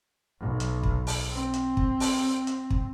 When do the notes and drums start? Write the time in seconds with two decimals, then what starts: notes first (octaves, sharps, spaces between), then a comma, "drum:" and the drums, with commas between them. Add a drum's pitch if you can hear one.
0.40 B1
0.60 drum: hi-hat
0.83 drum: kick
1.07 drum: open hi-hat
1.30 C4
1.54 drum: hi-hat
1.77 drum: kick
2.00 drum: open hi-hat
2.47 drum: hi-hat
2.70 drum: kick